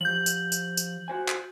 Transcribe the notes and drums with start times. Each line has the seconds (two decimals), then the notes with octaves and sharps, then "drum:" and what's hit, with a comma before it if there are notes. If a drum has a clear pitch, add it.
0.01 F3 G4 G6 F#7
0.26 drum: tambourine
0.52 drum: tambourine
0.77 drum: tambourine
1.08 F#4 C5 G#5
1.29 drum: clap